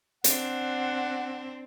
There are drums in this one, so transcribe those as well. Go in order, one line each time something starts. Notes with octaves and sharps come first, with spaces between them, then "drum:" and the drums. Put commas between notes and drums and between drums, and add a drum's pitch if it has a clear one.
C4 D4 F#5, drum: hi-hat